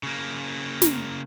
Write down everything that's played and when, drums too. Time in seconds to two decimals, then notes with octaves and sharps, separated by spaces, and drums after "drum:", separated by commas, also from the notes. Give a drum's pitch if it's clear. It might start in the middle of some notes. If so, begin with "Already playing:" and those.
0.03 C#3 A#3
0.82 drum: snare